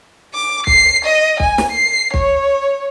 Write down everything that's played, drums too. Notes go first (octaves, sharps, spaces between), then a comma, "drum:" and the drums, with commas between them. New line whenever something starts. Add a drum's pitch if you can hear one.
D6
C7, drum: kick
D#5
G#5, drum: kick
drum: snare
C7
C#5, drum: kick